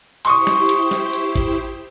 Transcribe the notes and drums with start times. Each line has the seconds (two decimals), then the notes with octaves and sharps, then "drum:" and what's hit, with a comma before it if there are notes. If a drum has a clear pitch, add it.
0.25 E4 G4 C5 C6 C#6 D#6, drum: hi-hat
0.47 drum: snare
0.69 drum: hi-hat
0.91 drum: snare
1.13 drum: hi-hat
1.36 drum: kick G#1, hi-hat